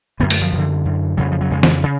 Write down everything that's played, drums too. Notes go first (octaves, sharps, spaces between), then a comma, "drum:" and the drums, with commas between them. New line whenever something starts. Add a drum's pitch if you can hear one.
F#2 D3 B3
A3, drum: open hi-hat
F3
F#2 D3
F#2 D3
F2 C#3 F#3
F3
F#3
F2 C#3 G#3
drum: snare
C#3